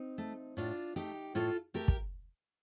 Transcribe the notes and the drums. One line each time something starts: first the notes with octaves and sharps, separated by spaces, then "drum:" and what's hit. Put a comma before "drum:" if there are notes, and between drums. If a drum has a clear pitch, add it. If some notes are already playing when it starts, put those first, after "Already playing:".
Already playing: C4 D#4
A3
A2 D4 F4
A3 D#4 G4
A2 F4 A4
A3 G4 A#4
drum: kick